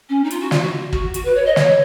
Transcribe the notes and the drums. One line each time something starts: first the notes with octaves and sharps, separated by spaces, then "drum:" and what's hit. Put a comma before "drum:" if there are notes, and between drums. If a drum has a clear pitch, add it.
C#4
D#4
F4, drum: hi-hat
F#4
F4, drum: snare
F#4
F#4, drum: kick
F#4, drum: hi-hat
B4
C#5
D#5
C#5, drum: snare